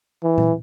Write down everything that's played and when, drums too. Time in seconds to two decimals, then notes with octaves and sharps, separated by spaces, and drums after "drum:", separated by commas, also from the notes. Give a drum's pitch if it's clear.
0.23 E3
0.38 drum: tom A#2